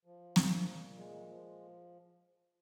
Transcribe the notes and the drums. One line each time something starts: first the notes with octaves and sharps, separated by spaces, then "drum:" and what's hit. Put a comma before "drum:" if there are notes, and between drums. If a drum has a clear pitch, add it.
F3
A#2, drum: snare
A#2
G#3
F3